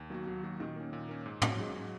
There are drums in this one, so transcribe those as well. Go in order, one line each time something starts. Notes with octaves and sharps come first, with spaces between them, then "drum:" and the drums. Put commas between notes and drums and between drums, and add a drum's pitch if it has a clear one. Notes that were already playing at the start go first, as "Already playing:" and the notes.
Already playing: D#2
D#3 F#3 A#3 F#4
D#2 F#3
D#3 A#3 F#4
A#2 D#3
A#3 C#4
A#2
A#3 C#4
G#2
F#3 C#4 F#4, drum: tom
G#2 G#3
F#3 C#4 F#4